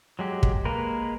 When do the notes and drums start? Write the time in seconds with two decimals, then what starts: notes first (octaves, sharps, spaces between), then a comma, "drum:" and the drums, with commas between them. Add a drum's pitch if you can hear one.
0.19 F#3 G#3 G4
0.43 drum: kick
0.65 G#3 A#3 A#4 B4